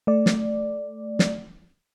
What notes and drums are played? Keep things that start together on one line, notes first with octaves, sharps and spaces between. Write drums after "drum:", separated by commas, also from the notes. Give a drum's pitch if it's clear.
A3 D5
drum: snare
drum: snare